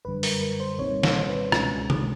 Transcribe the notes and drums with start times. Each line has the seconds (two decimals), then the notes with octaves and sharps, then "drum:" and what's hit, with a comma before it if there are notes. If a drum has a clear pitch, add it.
0.05 G1 F#2 D3 G3 B4
0.23 A#4, drum: open hi-hat
0.41 A#4
0.60 C5
0.79 C2 A#2 G3 C4 D#4 C#5
1.03 C5, drum: snare
1.28 B4
1.52 C#2 B2 G#3 C#4, drum: rim click
1.90 drum: tom C3